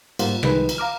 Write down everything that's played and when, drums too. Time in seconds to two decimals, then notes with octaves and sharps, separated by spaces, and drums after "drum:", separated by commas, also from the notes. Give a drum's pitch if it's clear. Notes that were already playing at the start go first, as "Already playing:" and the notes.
0.19 G#2 G3 A#3 F4 C5 F#5, drum: cymbal
0.43 C2 D#3 F3 G#3 D#4 B4, drum: rim click
0.69 drum: cymbal
0.78 F5 A#5 D6 F6